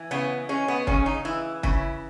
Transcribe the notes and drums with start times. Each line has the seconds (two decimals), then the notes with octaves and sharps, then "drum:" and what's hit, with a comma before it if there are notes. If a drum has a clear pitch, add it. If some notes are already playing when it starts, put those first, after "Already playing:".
Already playing: E3
0.11 C#3 B3
0.49 G#3 C#4
0.68 B3
0.87 C#3 C#4, drum: kick
1.06 D#4
1.25 E3 E4
1.63 C#3 E4, drum: kick